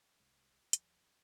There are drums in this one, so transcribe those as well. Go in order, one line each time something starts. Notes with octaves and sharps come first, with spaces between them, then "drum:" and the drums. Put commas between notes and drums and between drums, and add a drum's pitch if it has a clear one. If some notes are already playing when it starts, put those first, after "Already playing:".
C2 C3 G#3
D#1 F3, drum: hi-hat